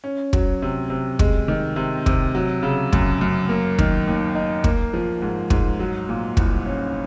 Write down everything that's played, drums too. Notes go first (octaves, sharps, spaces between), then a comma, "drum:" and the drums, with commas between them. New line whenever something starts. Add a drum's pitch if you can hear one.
C#4
F#3, drum: kick
C3
C3
G#3, drum: kick
D#3
C3
C3, drum: kick
F#3
C#3
F#2, drum: kick
F#2
A#3
D#3, drum: kick
D#2
D#4
A#3, drum: kick
F3
G#2
G#2, drum: kick
F#3
A#2
C2, drum: kick
C#4